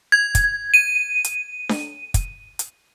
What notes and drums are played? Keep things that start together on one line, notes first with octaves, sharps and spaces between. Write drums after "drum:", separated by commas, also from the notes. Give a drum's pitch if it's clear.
G#6
drum: kick, hi-hat
D#7
drum: hi-hat
drum: snare D4
drum: kick, hi-hat
drum: hi-hat